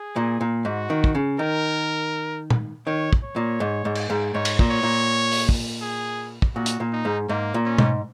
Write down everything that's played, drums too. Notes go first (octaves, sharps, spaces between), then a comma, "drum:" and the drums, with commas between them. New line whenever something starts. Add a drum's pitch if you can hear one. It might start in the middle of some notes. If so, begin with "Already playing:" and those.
Already playing: G#4
A#2
A#2
G#2 F#4
D#3
drum: kick
C#3
D#3 A#4
drum: tom
D#3 C#5
drum: kick
C#5
A#2
G#2
G#2
drum: cymbal
G#2
G#2 C#5
drum: cymbal
A#2, drum: kick
C#5
A#2
drum: open hi-hat
drum: kick
G#4
drum: kick
A#2 F#4
drum: hi-hat
A#2
D#4
G#2
G#2 A#3
A#2
C#4
G#2, drum: tom